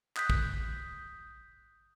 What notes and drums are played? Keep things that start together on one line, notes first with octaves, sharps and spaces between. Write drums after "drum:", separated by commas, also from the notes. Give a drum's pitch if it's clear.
D#6 F#6 G6 B6, drum: clap
drum: kick